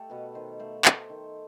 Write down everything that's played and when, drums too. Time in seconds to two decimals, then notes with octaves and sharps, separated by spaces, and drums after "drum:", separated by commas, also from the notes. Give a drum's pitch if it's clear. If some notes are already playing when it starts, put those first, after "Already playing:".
Already playing: A3 G4 A4
0.10 B2 B4
0.35 D#3 C5
0.59 A3 C5
0.85 A3 C5, drum: clap
1.10 D#3